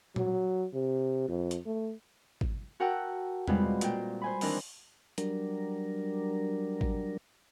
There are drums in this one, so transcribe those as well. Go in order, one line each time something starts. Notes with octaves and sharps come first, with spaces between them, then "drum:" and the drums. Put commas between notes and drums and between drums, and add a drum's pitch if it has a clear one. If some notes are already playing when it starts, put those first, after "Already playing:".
F#3, drum: tom
C3
F2
drum: hi-hat
A3
drum: kick
F#4 A#4 F#5 G5 A5 E6
B2 G3 G#3 C4 F4 B4, drum: tom E2
A#2 A#3 G5, drum: hi-hat
C5 G#5 B5
D#3 E3 C4 D4 A#4, drum: open hi-hat
F#3 G3 D4 A#4, drum: hi-hat
drum: kick